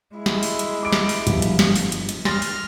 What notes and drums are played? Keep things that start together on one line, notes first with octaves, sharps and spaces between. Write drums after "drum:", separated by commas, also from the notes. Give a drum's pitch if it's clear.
G#3 E4
drum: snare
drum: open hi-hat
drum: hi-hat
D6 D7
drum: snare
drum: open hi-hat
G1 F3, drum: hi-hat
drum: hi-hat
drum: snare
drum: open hi-hat
drum: hi-hat
drum: hi-hat
C6 F6 A6 A#6, drum: snare
drum: open hi-hat